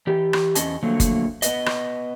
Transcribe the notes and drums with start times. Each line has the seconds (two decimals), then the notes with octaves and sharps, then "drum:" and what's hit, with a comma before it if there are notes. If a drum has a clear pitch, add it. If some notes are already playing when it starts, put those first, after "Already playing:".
0.07 E3 G4
0.33 drum: rim click
0.55 E2 C#4 D#5 A5, drum: hi-hat
0.83 D3 F3 F#3 A3 A#3
1.00 drum: kick G1, hi-hat
1.42 B3 B4 D#5, drum: hi-hat
1.66 drum: rim click